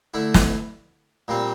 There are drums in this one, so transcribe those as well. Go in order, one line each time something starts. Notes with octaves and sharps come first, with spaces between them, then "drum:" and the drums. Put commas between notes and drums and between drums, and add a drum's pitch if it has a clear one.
D3 A3 E4
drum: snare
A#2 G3 C4